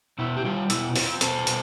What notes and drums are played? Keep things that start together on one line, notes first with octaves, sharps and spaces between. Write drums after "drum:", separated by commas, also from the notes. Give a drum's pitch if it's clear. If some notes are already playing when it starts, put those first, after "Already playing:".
B2 E4
G4
G3 F4
B2 E4, drum: hi-hat
C4 F4, drum: open hi-hat
B2 A4 C5, drum: hi-hat
B2, drum: hi-hat